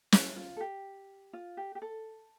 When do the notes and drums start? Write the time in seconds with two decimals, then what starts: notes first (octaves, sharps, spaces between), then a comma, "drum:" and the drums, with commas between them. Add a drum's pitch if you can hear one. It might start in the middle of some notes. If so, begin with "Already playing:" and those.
0.12 E4, drum: snare
0.36 F4
0.57 A4
0.60 G4
1.33 F4
1.57 G4
1.75 G4
1.82 A4